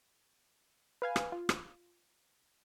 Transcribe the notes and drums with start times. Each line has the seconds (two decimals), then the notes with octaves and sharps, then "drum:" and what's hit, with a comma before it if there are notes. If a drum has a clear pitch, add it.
1.02 B4 F5 G#5
1.16 drum: rim click
1.32 F4
1.49 drum: rim click